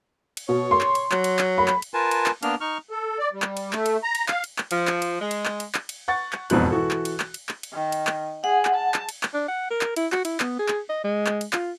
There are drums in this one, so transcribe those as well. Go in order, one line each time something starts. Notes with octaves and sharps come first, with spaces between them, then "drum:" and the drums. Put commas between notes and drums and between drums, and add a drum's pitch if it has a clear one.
drum: cymbal
B2 C#5
C6
drum: clap
drum: cymbal
F#3, drum: clap
drum: cymbal
drum: clap
B5
drum: clap
drum: cymbal
F4 A#4 B4 G#5 A5
drum: cymbal
drum: clap
A#3 B3 D4 F6, drum: cymbal
D#4 C#6 F6
A4
D5
G3
drum: clap
drum: cymbal
A3, drum: clap
drum: cymbal
A#5
drum: cymbal
F5, drum: clap
drum: cymbal
drum: clap
F3, drum: cymbal
drum: clap
drum: cymbal
G#3
drum: cymbal
drum: clap
drum: cymbal
drum: clap
drum: cymbal
F#5 C#6 A6
drum: clap
E1 F2 G#2 B2 F#6, drum: cymbal
E3 F#4 A4
drum: clap
drum: cymbal
drum: clap
drum: cymbal
drum: clap
drum: cymbal
D#3
drum: cymbal
drum: clap
G#4 F#5
drum: clap
A5
drum: clap
drum: cymbal
drum: clap
D4
F#5
A#4
drum: clap
E4, drum: cymbal
F#4, drum: clap
E4, drum: cymbal
B3, drum: clap
G#4
drum: clap
D#5
G#3
drum: clap
drum: cymbal
F4, drum: clap